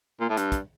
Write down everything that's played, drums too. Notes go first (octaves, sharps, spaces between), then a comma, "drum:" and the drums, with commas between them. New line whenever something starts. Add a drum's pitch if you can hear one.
A#2
A2
G2, drum: hi-hat
drum: kick, hi-hat